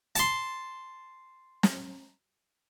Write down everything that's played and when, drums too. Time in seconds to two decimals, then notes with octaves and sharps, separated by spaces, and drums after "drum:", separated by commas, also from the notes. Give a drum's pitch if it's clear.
0.16 A5 C6, drum: hi-hat
1.63 drum: snare